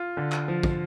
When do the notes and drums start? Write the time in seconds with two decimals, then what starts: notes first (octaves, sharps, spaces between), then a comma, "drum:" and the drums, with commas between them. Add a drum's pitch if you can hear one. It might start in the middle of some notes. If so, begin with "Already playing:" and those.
Already playing: F4
0.17 D3
0.32 drum: clap
0.48 F3
0.63 drum: kick